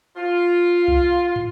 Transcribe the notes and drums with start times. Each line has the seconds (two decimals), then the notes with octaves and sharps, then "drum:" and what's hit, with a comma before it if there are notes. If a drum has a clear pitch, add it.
0.16 F4
0.88 drum: kick C2
1.36 drum: tom